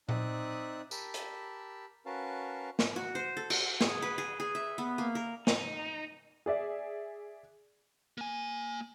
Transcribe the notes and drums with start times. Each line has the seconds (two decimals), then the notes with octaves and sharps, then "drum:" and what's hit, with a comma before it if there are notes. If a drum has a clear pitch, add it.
0.09 C4 D#4 D5 E5 D#6 F#6, drum: tom A#2
0.91 G4 A#4 A5 B5 E6, drum: tambourine
1.14 drum: hi-hat
2.06 C#4 F#4 A#4 B4 F5 A5
2.79 drum: snare
2.96 F#4
3.15 C5
3.37 A4
3.50 F#4, drum: cymbal
3.81 G#4, drum: snare
4.02 B4
4.18 G#4
4.40 G#4
4.55 E5
4.78 B3
4.98 A#3
5.15 A#4
5.47 D#4, drum: snare
6.46 G#4 D5 E5
8.18 A#3 G#5